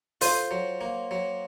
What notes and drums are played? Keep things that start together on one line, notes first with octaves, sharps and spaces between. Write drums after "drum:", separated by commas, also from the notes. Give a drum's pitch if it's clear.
F4 C5, drum: open hi-hat
F#3
A#3
F#3